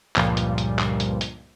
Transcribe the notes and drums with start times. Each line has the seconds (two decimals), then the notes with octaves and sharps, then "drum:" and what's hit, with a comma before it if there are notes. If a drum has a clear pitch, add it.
0.16 C#2 G2 A#2 F3 G3, drum: clap
0.37 drum: hi-hat
0.58 drum: hi-hat
0.79 drum: clap
1.00 drum: hi-hat
1.21 drum: hi-hat